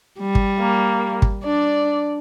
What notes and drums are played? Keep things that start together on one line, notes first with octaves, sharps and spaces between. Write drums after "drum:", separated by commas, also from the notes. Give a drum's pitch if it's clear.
G3
drum: kick
A#3
drum: kick
D4 D5